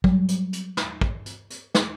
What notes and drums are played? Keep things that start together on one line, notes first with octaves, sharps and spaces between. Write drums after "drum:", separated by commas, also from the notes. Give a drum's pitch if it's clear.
F#3 G3, drum: kick
drum: hi-hat
drum: hi-hat
drum: snare
drum: kick
drum: hi-hat
drum: hi-hat
drum: snare